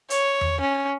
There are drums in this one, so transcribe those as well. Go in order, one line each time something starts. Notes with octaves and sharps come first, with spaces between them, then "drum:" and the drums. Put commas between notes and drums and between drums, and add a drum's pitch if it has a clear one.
C#5, drum: hi-hat
drum: tom E2
C#4